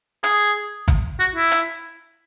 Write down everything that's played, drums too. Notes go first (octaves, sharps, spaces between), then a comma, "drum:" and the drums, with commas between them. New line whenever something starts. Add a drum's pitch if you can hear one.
G#4, drum: hi-hat
drum: kick G#1, hi-hat
F#4
E4
drum: hi-hat